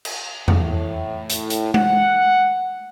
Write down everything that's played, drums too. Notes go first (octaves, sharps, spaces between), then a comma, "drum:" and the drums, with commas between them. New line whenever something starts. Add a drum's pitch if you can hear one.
drum: cymbal
A2, drum: tom E2
drum: hi-hat
drum: hi-hat
F#5, drum: tom G#3